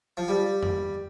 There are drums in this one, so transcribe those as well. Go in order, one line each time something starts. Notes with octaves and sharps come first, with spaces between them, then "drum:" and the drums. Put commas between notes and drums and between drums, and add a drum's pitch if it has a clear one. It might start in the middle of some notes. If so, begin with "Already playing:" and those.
F3
G3
drum: tom F2